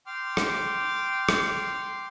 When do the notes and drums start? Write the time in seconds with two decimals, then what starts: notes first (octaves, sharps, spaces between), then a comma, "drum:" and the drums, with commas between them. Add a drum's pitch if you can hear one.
0.07 G5 C6 D6 F6
0.37 drum: rim click
1.29 drum: rim click